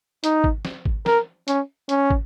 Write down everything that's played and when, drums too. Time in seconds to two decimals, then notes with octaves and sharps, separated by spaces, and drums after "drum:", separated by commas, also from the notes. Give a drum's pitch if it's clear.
0.24 D#4, drum: hi-hat
0.44 drum: kick
0.65 drum: snare
0.85 drum: kick
1.06 A#4, drum: snare
1.48 C#4, drum: hi-hat
1.89 C#4, drum: hi-hat
2.10 drum: kick